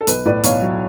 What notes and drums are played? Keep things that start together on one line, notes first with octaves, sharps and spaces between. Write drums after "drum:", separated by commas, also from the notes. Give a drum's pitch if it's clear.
A4
B1 B4, drum: hi-hat
A2 B4 D5
B1 C#5 F5, drum: hi-hat
F#3